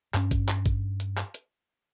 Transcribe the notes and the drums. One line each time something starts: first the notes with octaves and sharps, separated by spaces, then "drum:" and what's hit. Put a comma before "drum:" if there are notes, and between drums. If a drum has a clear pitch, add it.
G2 C#4, drum: clap
drum: kick, hi-hat
drum: clap
drum: kick, hi-hat
drum: hi-hat
drum: clap
drum: hi-hat